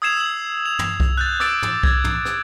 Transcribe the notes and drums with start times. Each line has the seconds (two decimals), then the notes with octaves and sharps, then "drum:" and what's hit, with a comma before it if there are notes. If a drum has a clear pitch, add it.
0.02 D#6 E6 G#6 C7 E7 F7
0.17 E6 F#7
0.66 F7
0.79 drum: tom
1.00 drum: kick C2
1.18 F#6 G6 A6
1.40 D6 E6 A6 D7, drum: rim click
1.63 drum: tom
1.83 G#6, drum: kick C2
2.04 drum: tom
2.25 drum: rim click